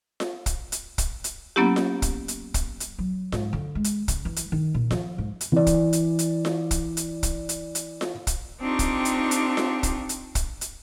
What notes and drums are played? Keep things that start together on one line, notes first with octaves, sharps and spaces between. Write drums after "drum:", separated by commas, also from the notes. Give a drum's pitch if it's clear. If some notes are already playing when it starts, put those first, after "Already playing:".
drum: snare F4
drum: kick, hi-hat
drum: hi-hat
drum: kick, hi-hat
drum: hi-hat
F#3 A#3 B3 C#4 E4 G4
drum: snare F4
drum: kick, hi-hat
drum: hi-hat
drum: kick, hi-hat
drum: hi-hat
F#3
G#2, drum: snare F4
D3
G#3
drum: hi-hat
C#3, drum: kick, hi-hat
E3
drum: hi-hat
D#3
A#2
F3, drum: snare F4
G#2
drum: hi-hat
E3 D5
drum: kick, hi-hat
drum: hi-hat
drum: hi-hat
drum: snare F4
drum: kick, hi-hat
drum: hi-hat
drum: kick, hi-hat
drum: hi-hat
drum: hi-hat
drum: snare F4
drum: kick, hi-hat
C4 D4 D#4 F4 G4 C#6
drum: kick, hi-hat
drum: hi-hat
drum: hi-hat
drum: snare F4
drum: kick, hi-hat
drum: hi-hat
drum: kick, hi-hat
drum: hi-hat